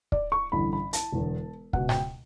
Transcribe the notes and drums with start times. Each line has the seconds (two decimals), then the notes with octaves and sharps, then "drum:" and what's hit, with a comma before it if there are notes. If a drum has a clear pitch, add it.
0.12 D5, drum: kick
0.32 C#6
0.52 A1 G2 D3 B5
0.73 B5
0.93 A5, drum: hi-hat
1.12 E1 E2 D3
1.73 C#2 B2 F#5, drum: kick
1.89 G5, drum: snare G#2